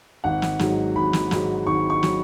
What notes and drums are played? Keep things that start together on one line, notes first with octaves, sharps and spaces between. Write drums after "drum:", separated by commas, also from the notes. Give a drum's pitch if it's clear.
G#1 F#5
drum: snare
G#2 F#3, drum: snare
G#1 B5
drum: snare
G#2 F#3, drum: snare
G#1 C#6
C#6
F#3, drum: snare